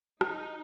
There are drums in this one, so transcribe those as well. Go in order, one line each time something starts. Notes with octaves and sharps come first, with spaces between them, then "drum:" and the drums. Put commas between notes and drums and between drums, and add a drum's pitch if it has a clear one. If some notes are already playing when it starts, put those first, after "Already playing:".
D#4, drum: rim click